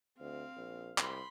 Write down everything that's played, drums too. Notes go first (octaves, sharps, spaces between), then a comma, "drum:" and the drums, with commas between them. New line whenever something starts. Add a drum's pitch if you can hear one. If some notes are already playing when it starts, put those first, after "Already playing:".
D2 C4 F5
A#1
C2 B5 C6, drum: clap